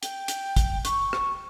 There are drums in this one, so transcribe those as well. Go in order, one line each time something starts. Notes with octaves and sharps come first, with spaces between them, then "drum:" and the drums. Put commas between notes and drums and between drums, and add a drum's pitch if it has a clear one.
G5, drum: hi-hat
drum: hi-hat
drum: kick, hi-hat
C#6, drum: hi-hat
drum: rim click